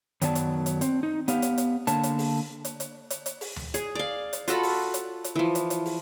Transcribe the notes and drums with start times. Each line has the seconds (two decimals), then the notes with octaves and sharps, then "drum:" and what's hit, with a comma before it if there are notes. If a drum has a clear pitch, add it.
0.22 F#2 D#3 F#3 B3 D5 A5, drum: hi-hat
0.35 drum: hi-hat
0.66 drum: hi-hat
0.81 C4, drum: hi-hat
1.03 D#4
1.28 B3 G4 F5, drum: hi-hat
1.42 drum: hi-hat
1.58 drum: hi-hat
1.87 D3 A#3 A5, drum: hi-hat
2.03 drum: hi-hat
2.19 drum: open hi-hat
2.65 drum: hi-hat
2.80 drum: hi-hat
3.10 drum: hi-hat
3.26 drum: hi-hat
3.41 drum: open hi-hat
3.56 drum: tom D2
3.74 G#4, drum: hi-hat
3.95 D5 F5
4.33 drum: hi-hat
4.48 F4 F#4 A4 B5, drum: hi-hat
4.63 drum: open hi-hat
4.94 drum: hi-hat
5.24 drum: hi-hat
5.35 E3 F3
5.55 drum: hi-hat
5.70 drum: hi-hat
5.86 drum: open hi-hat